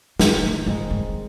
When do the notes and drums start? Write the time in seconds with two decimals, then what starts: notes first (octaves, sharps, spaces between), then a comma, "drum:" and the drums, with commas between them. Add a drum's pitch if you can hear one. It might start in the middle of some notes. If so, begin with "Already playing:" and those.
0.19 D#3 G3, drum: snare
0.43 F3
0.67 F3 G#3 C4 D#4
0.90 G2